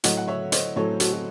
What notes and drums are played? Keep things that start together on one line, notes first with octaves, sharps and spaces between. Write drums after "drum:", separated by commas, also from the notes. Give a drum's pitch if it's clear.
A2 F#3 D#5 F#5, drum: hi-hat
F#5
C#5 E5
C5 D#5, drum: hi-hat
A2 F#3 A4 C#5
F#4 A4, drum: hi-hat
F#4